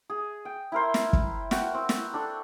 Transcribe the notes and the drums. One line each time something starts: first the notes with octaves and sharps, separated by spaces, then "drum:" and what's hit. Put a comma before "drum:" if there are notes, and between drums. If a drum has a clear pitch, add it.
G#4
G5
E4 A#4 C5
drum: snare
drum: kick
F#4 G5, drum: snare
C4
drum: snare
D4 A4